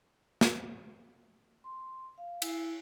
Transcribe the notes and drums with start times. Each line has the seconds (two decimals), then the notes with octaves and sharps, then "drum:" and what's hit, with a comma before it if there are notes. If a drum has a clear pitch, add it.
0.41 drum: snare
1.64 C6
2.18 F5
2.42 E4, drum: cymbal